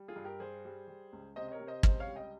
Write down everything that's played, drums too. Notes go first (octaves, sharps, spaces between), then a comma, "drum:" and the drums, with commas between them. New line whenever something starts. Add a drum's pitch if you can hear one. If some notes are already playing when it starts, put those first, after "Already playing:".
Already playing: G3
F4 G#4
G2
G4 A#4
G3 G#4 C5
G3
G3
C#2
C3 C5 D#5
D#5
A#4 C#5
C3
C5 D#5
C#2 C5 D#5, drum: kick
C#5 F5
G3
D#5 G5